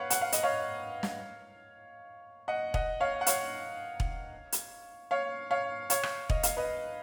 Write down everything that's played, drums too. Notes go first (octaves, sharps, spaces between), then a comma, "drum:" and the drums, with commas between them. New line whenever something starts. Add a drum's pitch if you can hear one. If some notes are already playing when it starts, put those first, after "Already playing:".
Already playing: B4 C#5 F5 F#5
F#5, drum: hi-hat
F5
D#5, drum: hi-hat
C#5 F5
drum: snare
D#5 F#5
D#5 F#5, drum: kick E1
C#5 F5
F#5
C#5 F5, drum: hi-hat
drum: kick E1
drum: hi-hat
C#5 F5
C#5 F5
C#5 F5, drum: hi-hat
drum: rim click
D#5, drum: kick E1
F5, drum: hi-hat
B4 D#5